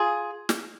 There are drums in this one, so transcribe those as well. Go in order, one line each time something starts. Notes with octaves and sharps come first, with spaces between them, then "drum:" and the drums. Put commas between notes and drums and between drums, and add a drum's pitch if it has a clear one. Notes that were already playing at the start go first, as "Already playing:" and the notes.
Already playing: F4 G#4
drum: snare